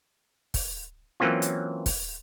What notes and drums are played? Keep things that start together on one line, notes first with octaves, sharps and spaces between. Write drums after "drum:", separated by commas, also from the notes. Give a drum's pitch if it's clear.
drum: kick, open hi-hat
E3 F#3 A#3 C4 C#4 F4
drum: hi-hat
drum: kick, open hi-hat